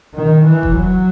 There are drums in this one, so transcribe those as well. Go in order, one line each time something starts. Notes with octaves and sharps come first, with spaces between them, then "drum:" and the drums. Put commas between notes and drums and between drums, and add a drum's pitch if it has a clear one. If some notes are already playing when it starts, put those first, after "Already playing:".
D#3
E3
drum: kick F1
F#3